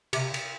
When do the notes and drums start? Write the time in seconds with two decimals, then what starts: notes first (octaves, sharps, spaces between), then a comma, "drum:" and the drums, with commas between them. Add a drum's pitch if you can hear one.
0.13 C3, drum: cymbal
0.34 drum: cymbal